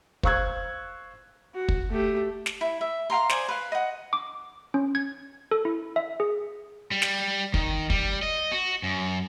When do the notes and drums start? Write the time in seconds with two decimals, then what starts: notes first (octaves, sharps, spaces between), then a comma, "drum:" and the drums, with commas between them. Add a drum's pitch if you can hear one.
0.23 C5 F5 C#6 E6 F#6 G#6, drum: kick
1.55 F#4
1.69 drum: kick
1.90 A3 G4
2.46 drum: snare
2.61 E4
2.81 E5
3.10 F5 G5 A#5 C6
3.29 C5 D5 G#5 D#6, drum: snare
3.48 B4 F5
3.72 D#5 F#5
4.13 D6
4.74 C#4
4.95 G#6
5.51 A4
5.65 E4
5.96 E5
6.20 G#4
6.91 G3
7.02 drum: snare
7.54 D#3, drum: kick
7.90 G3, drum: kick
8.22 D#5
8.52 F#4
8.83 F#2